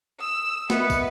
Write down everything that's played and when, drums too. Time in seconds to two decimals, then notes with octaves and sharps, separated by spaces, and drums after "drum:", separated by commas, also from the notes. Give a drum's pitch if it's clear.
0.21 D#6 E6
0.70 B3 A#4 B4 D#5 E5 C#7, drum: snare
0.90 drum: kick, tambourine